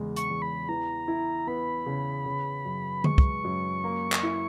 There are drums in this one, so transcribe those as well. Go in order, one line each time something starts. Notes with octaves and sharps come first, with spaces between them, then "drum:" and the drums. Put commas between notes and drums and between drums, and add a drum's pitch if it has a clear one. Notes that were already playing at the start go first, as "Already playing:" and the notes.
Already playing: E2 C#3 G#3
C#6, drum: hi-hat
E2
B5
E3 A#5
E4
B3 B5
C#3
C#3
F#2
G#3 C#6, drum: tom D3
drum: kick
F#2
A#3
drum: clap
E4